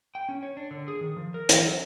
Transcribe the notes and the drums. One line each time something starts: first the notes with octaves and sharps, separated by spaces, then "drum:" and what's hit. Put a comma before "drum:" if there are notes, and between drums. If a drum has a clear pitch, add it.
G5
C#4
C#5
D4
D3
G#4
D#3
F3
A#4
E3, drum: hi-hat
F#3